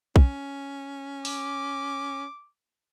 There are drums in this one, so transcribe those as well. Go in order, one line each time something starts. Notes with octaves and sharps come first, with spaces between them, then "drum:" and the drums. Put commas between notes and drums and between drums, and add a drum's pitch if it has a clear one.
C#4, drum: kick B1
D6, drum: open hi-hat